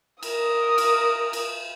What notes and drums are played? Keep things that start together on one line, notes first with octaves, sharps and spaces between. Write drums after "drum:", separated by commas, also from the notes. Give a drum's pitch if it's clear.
A#4 D#6, drum: cymbal
drum: cymbal
drum: cymbal